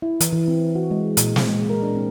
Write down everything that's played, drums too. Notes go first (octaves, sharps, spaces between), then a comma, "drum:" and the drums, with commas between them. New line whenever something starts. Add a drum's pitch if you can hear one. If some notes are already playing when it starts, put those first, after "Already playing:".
E4
E3, drum: hi-hat
E3
C4
F#4
G#3
A#2, drum: hi-hat
drum: snare
G#3
A#4
D4
C4